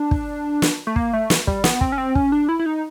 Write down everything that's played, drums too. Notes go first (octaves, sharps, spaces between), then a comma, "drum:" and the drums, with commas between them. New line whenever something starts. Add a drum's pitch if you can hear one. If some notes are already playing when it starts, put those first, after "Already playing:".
Already playing: D4
drum: kick
drum: snare
A3
A#3, drum: kick
A3
drum: snare
G3, drum: kick
B3, drum: snare
C4, drum: kick
C#4
C4
C#4, drum: kick
D4
E4
E4
D#4